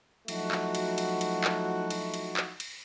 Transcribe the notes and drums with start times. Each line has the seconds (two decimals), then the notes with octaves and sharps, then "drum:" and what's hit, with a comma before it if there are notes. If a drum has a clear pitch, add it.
0.28 F3 F#3 A3 D#4 E4 F#4, drum: cymbal
0.51 drum: clap
0.75 drum: cymbal
0.98 drum: cymbal
1.21 drum: cymbal
1.44 drum: clap
1.90 drum: cymbal
2.14 drum: cymbal
2.37 drum: clap
2.60 drum: cymbal